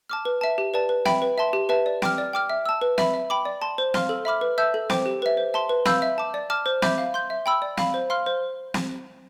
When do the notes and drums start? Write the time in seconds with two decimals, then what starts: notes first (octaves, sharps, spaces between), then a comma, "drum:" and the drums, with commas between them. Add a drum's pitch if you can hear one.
0.10 A5 D6 F6
0.25 B4
0.41 E5 A5
0.58 G4
0.74 B4 D5 A5
0.89 B4
1.05 E5 G5 B5, drum: snare
1.22 B4
1.38 E5 A5 C6
1.53 G4
1.69 B4 E5 A5
1.86 D5
2.02 G5 D6 F6, drum: snare
2.18 D5
2.33 G5 D6 F6
2.50 E5
2.66 A5 E6
2.81 B4
2.98 E5 B5, drum: snare
3.14 E5
3.30 G5 B5 D6
3.45 D5
3.62 A5 C6
3.78 C5
3.94 F5 C6 F6, drum: snare
4.09 A4
4.25 E5 B5 D6 F6
4.41 B4
4.58 E5 A5 E6 G6
4.74 A4
4.90 C5 G5 D6, drum: snare
5.06 G4
5.22 B4 E5
5.37 C5
5.54 E5 A5 C6
5.69 B4
5.85 F5 B5 E6 G6, drum: snare
6.02 E5
6.18 A5 D6
6.34 D5
6.50 A5 D6 F6
6.66 C5
6.82 E5 B5 D6 G6, drum: snare
6.98 F5
7.14 C6 G6
7.30 E5
7.46 G5 B5 E6
7.62 D5
7.77 F5 B5, drum: snare
7.94 C5
8.10 F5 C6 F6
8.26 C5
8.74 drum: snare